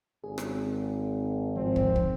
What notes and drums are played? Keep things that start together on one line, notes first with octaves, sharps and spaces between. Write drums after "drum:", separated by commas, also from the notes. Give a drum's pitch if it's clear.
G#1 G#4
drum: rim click
G#2 F3 C4
drum: kick
drum: kick